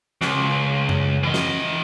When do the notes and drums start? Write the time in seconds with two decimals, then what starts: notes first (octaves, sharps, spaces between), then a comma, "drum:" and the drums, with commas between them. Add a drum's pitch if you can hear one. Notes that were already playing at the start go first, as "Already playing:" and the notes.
0.21 C#2, drum: snare
0.89 drum: tom F#2
1.23 E3 D#5
1.34 drum: snare